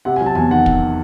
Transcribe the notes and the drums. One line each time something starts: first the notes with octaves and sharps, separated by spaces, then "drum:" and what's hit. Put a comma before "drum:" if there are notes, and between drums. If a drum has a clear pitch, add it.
C3 F#5
G#5
F#3
A5
E2 G#5
D#3 F#5
drum: kick